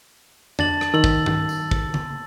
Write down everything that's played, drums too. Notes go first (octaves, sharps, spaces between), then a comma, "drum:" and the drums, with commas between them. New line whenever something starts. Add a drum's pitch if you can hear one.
D4 A5 A6 F#7, drum: tom F2
drum: rim click
D#3 E6 F#7
drum: kick
drum: tom G2
drum: tambourine
drum: kick
drum: tom D3